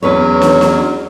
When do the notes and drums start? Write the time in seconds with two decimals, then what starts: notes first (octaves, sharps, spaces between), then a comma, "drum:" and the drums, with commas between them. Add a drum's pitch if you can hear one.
0.03 E2 F#3 C#4 B4 C#5
0.42 drum: snare
0.61 drum: snare